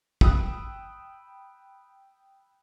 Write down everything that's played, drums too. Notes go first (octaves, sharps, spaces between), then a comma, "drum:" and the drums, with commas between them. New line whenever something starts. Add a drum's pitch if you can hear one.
G5 B5 D#6 E6 F#6, drum: kick